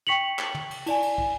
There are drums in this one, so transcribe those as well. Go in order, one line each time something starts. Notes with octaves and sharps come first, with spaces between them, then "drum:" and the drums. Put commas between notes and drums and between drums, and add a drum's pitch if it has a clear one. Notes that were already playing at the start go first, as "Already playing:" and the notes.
G5 C#6 B6 C#7 F7 F#7
drum: clap
drum: tom
drum: cymbal
E4 D5 G#5, drum: cymbal
drum: cymbal
drum: kick